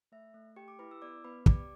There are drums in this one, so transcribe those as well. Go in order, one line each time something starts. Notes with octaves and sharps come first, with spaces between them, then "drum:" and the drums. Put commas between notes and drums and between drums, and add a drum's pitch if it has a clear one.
A3 E5
A3
G4 G5
D6
E4 B4 B5
E6
B3 D5 D6
B3 B4 B5
G4 D5 D6, drum: kick